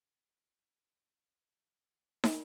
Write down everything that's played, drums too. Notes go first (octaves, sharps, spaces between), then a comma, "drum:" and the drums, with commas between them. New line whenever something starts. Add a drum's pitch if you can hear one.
G#6 A6
F4 G#4 C5 D5 G7
drum: snare